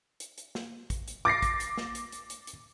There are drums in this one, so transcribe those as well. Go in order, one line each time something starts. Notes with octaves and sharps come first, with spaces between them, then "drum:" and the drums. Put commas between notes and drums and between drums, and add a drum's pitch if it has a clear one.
drum: hi-hat
drum: hi-hat
drum: snare
drum: kick, hi-hat
drum: hi-hat
D6 A6 A#6 C7
drum: kick, hi-hat
drum: hi-hat
drum: snare
drum: hi-hat
drum: hi-hat
drum: hi-hat
drum: hi-hat